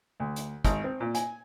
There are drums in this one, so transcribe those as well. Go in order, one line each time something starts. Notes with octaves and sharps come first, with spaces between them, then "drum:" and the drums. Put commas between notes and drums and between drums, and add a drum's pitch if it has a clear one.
D2
drum: hi-hat
G#1, drum: kick, hi-hat
C4
A#2
G#5, drum: hi-hat